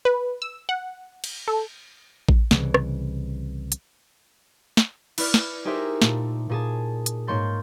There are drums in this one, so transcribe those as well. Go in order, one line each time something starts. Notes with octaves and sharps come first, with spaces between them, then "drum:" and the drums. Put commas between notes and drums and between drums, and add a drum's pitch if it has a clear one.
B4
E6
F#5
drum: cymbal
A4
drum: kick A1
C2 C#3 E3, drum: snare
drum: rim click
drum: hi-hat
drum: snare
E4 B4 D5 F6, drum: cymbal
drum: snare
D#4 G4 G#4 A#4 C5 E5
A#2 A3, drum: snare
A#2 G#4 A5
drum: hi-hat
G#2 A#3 C#5 C6 G6 A6